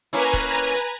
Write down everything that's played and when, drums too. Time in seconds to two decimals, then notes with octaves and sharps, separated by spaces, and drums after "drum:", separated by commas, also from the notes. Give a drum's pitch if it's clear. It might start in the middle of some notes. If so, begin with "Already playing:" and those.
0.13 A#3 C#4 E4 B4 G#5 A#5, drum: hi-hat
0.33 drum: kick, hi-hat
0.54 drum: hi-hat
0.75 drum: hi-hat